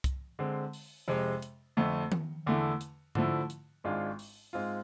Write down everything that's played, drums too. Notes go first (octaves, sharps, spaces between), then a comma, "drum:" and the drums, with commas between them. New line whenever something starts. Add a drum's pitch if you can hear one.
drum: kick, hi-hat
D3 G#3 C4
drum: open hi-hat
F2 C3 G#3
drum: hi-hat
F2 D3 A3
drum: tom D#3
E2 D3 A3 E4
drum: hi-hat
D3 F3 A3 E4, drum: tom G#2
drum: hi-hat
G#1 G#2 G#3 D4 F4
drum: open hi-hat
G#2 G#3 C4 F4